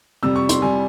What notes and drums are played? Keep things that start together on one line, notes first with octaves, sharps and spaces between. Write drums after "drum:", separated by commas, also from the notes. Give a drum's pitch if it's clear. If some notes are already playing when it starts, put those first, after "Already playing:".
F2 C3 G3 E6
C#6
C6, drum: hi-hat
C3 G3 G#5